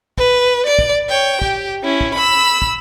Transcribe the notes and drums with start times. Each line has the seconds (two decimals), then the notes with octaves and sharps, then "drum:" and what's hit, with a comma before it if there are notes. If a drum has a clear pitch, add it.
0.18 B4, drum: kick
0.67 D5
0.79 drum: kick
1.09 C#5 G5
1.42 G4, drum: kick
1.83 C#4 E4
2.01 drum: kick
2.14 B5 E6
2.62 drum: kick